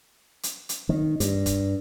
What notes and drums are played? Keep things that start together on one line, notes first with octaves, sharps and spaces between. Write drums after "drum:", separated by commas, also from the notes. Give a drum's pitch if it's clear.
drum: hi-hat
drum: hi-hat
D#3
G2, drum: hi-hat
drum: kick F1, hi-hat